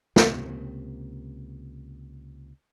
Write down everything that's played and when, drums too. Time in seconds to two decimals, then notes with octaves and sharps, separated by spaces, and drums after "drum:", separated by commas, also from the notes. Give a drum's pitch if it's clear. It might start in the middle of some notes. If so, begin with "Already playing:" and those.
0.16 C#2 C3 A#3, drum: snare